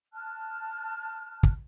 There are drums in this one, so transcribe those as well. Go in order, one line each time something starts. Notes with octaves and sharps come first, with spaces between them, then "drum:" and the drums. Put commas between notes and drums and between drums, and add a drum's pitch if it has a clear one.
A5 F6 F#6
drum: kick